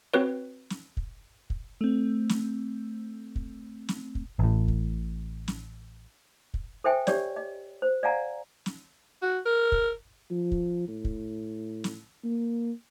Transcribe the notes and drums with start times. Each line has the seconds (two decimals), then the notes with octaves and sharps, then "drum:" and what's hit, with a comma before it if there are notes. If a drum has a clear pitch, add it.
0.14 C4 F#4 B4 C#5
0.70 drum: snare
0.97 drum: kick
1.50 drum: kick
1.81 A3 C4
2.29 drum: snare
3.36 drum: kick
3.89 drum: snare
4.15 drum: kick
4.39 A1 A2
4.68 drum: kick
5.48 drum: snare
6.54 drum: kick
6.84 A4 C5 E5 G5 G#5
7.07 G4 C#5 D5, drum: snare
7.36 D#5
7.82 C5
8.03 D5 D#5 F5 F#5 G#5 A#5
8.66 drum: snare
9.22 F#4
9.46 A#4
9.72 drum: kick
10.31 F3
10.51 drum: kick
10.88 A2
11.05 drum: kick
11.84 drum: snare
12.24 A#3